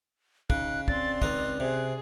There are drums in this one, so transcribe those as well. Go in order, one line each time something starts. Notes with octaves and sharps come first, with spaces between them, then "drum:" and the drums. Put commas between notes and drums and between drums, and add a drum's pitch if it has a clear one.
C#3 D#4 F#6, drum: kick
C4 D5 C6 A6, drum: kick
C#2 D#4 D#5 F#6, drum: kick
C3 G#4